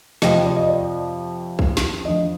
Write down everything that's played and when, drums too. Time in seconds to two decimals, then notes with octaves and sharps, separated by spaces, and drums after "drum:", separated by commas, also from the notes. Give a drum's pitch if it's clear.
0.22 F2 C3 F3 D#5, drum: snare
0.45 D5
0.56 D#5
0.68 D5
1.59 drum: kick
1.77 drum: snare
2.05 F2 D3 F3 D#5